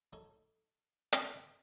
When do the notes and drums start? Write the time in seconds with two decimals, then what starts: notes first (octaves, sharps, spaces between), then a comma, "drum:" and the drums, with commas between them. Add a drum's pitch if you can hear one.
0.13 D#4 A4 C#5
1.12 drum: hi-hat